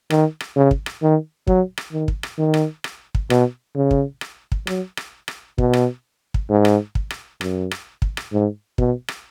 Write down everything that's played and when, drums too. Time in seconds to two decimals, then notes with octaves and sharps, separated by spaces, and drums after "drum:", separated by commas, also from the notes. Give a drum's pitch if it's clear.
0.10 D#3, drum: rim click
0.40 drum: rim click
0.56 C#3
0.71 drum: kick
0.86 drum: rim click
1.02 D#3
1.47 F#3, drum: kick
1.78 drum: rim click
1.93 D#3
2.08 drum: kick
2.23 drum: rim click
2.38 D#3
2.54 drum: rim click
2.84 drum: rim click
3.15 drum: kick
3.30 B2, drum: rim click
3.76 C#3
3.91 drum: kick
4.21 drum: rim click
4.52 drum: kick
4.67 F#3, drum: rim click
4.97 drum: rim click
5.28 drum: rim click
5.58 B2, drum: kick
5.73 drum: rim click
6.34 drum: kick
6.49 G#2
6.65 drum: rim click
6.95 drum: kick
7.10 drum: rim click
7.41 F#2, drum: rim click
7.71 drum: rim click
8.02 drum: kick
8.17 drum: rim click
8.33 G#2
8.78 B2, drum: kick
9.08 drum: rim click